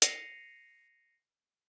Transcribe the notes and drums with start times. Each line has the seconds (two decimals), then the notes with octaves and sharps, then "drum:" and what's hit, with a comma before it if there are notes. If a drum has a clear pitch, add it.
0.02 A#6 C7 C#7 D#7 F7, drum: hi-hat